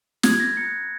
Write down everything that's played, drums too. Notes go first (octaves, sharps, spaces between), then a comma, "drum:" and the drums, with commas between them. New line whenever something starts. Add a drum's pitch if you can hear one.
B5 F6 G#6, drum: snare
A#6
A#5 D#6 F#6 A#6 C#7